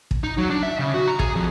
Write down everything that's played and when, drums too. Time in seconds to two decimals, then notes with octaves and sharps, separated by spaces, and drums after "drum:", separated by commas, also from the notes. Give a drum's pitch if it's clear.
0.11 drum: kick
0.24 D#4
0.38 F#3
0.50 D4
0.63 E5
0.79 C#3
0.94 F#4
1.07 A#5
1.19 G#4, drum: kick
1.36 F2